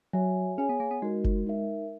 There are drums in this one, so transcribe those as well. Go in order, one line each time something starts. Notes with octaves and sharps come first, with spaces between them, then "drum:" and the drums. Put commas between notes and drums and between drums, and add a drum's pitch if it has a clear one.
F#3 F#4 C#5 E5 G#5
C#4 G#4 C#5 G#5
B3
A#3
B3
G#3 D#4 F#4 A#4
drum: kick F#1
D#4 A#4 E5